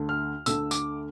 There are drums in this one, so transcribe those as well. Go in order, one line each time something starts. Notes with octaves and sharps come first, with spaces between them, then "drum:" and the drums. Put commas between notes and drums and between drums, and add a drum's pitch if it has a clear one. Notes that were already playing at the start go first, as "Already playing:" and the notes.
Already playing: D2 D3 A3
F6
D2 D3 A3 E6, drum: tambourine
D6, drum: tambourine